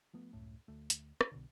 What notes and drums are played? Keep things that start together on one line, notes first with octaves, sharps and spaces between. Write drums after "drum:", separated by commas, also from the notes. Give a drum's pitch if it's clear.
F3 A3 B3
C#2 F#2 A2 A3
D2 A3
drum: hi-hat
drum: rim click
B1 B2 D3